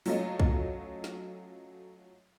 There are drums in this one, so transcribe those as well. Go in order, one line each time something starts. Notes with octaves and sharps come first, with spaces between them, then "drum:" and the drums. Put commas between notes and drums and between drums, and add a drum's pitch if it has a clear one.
F#3 A3 C#4 F4 D#5, drum: open hi-hat
drum: kick
drum: snare